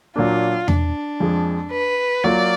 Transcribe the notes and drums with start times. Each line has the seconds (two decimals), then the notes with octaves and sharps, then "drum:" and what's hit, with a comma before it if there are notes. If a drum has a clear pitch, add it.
0.16 A#2 F#3 A#3 D4 F4
0.68 D4, drum: tom E2
1.20 F2 F3 G#3
1.71 B4
2.24 F#3 A#3 F4 D5